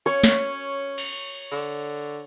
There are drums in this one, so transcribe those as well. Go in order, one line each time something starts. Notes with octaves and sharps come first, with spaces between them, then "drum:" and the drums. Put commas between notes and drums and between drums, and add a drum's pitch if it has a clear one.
C#4 C#5
drum: snare
drum: cymbal
D3